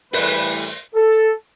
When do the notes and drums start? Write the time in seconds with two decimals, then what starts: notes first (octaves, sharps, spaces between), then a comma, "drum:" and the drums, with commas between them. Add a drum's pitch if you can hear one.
0.13 A2 E3 G3 B4, drum: open hi-hat
0.95 A4